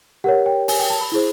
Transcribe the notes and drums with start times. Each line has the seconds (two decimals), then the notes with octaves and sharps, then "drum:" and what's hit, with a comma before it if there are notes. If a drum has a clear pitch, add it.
0.24 G4 A#4 C#5 F#5
0.46 G5
0.68 G#5, drum: open hi-hat
0.79 G5
0.90 A5
1.01 B5
1.12 E4 G#4 C5